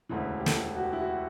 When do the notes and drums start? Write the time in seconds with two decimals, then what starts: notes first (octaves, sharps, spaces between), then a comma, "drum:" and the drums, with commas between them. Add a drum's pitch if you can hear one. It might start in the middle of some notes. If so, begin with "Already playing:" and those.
0.09 E1 D2 C#3 E3
0.40 G4
0.46 A4, drum: snare
0.76 F#4
0.83 G4
0.93 E4
1.02 F#4